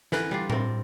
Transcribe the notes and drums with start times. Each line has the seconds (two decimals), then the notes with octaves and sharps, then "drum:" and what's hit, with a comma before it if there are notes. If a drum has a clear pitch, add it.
0.12 D3 E3 A#4 B4, drum: snare
0.31 G3 D4 F4
0.50 C4 A#4, drum: tom A2